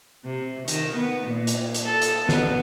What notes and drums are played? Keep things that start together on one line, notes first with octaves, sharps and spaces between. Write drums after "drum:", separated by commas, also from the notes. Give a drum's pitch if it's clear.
C3
D#3, drum: hi-hat
B3
A#2
drum: hi-hat
drum: hi-hat
A4
drum: hi-hat
B3, drum: snare